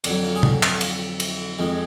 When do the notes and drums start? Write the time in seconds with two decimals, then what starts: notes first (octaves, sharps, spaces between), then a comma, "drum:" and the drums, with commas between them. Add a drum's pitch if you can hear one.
0.04 F2 D3 F#3 D4, drum: cymbal
0.24 F4
0.35 G#4
0.43 F#4, drum: tom C3
0.63 C#5, drum: clap
0.75 F#5
0.81 F5, drum: cymbal
1.20 drum: cymbal
1.58 F2 F3 G#3